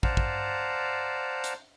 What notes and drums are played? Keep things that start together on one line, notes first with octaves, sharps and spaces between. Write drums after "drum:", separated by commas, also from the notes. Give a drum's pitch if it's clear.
C5 D5 F5 F#5 A5 A#5, drum: kick
drum: kick
drum: hi-hat